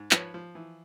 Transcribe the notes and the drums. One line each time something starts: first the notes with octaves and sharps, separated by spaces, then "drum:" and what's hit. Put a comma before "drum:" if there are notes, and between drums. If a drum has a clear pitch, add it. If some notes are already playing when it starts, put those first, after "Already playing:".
Already playing: G#2
F3 B4 C#5, drum: clap
F3
E3